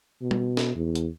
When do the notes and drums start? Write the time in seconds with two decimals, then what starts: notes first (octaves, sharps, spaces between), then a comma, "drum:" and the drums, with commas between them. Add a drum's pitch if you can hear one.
0.22 B2
0.31 drum: tom
0.57 drum: snare
0.76 E2
0.95 drum: hi-hat